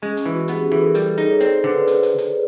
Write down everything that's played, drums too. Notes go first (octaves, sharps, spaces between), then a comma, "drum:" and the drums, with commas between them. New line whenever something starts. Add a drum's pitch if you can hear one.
G#3 C#4
C#4, drum: hi-hat
E3
F#4
G#4
B3 G4, drum: hi-hat
G#4
E3 A4
A#4
G3 A4, drum: hi-hat
G#4
D#4 G#4
C#5
C4 D5, drum: hi-hat
C5
D3 B4
drum: hi-hat
drum: hi-hat
drum: hi-hat